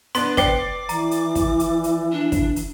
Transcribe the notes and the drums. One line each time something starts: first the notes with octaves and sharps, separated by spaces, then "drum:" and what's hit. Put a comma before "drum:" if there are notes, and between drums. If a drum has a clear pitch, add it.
B3 D4 C6, drum: hi-hat
B4 C5 D5 G5 D6 C7, drum: kick, hi-hat
E3 A#5, drum: hi-hat
drum: hi-hat
drum: kick, hi-hat
drum: hi-hat
drum: hi-hat
D4
drum: kick, hi-hat
drum: hi-hat